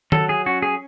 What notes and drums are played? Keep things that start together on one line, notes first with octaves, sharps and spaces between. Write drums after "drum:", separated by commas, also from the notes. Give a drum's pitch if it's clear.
F#3 A4, drum: tom
G#4
C#4 F#4
G#4